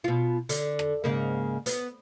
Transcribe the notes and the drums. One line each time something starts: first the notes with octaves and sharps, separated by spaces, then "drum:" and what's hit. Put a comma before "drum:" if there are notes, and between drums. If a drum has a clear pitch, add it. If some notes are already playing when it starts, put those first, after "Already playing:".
B2 F4
D3, drum: hi-hat
drum: rim click
G#2 C#3 A#3
B3, drum: hi-hat